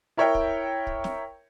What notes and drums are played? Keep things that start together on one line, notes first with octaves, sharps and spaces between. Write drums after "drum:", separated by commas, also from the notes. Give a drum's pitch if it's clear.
E4 A#4 C#5 E5 G5
drum: kick
drum: kick
drum: snare